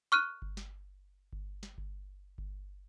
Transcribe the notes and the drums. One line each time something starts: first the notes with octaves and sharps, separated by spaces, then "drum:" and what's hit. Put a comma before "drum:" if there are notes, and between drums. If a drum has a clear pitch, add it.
C#6 F6 F#6 D#7
drum: kick G1
drum: snare
drum: kick G1
drum: snare
drum: kick G1
drum: kick G1